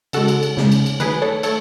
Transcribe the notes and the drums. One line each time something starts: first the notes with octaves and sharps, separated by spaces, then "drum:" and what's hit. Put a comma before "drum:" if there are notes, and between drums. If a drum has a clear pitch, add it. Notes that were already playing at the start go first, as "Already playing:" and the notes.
C#3 G#3 F#4 A4, drum: cymbal
drum: cymbal
drum: cymbal
C#3 G#3, drum: snare
drum: cymbal
drum: cymbal
D#3 F#3 A3 G#4 B4, drum: cymbal
A4 C#5
A3 A4 C#5, drum: cymbal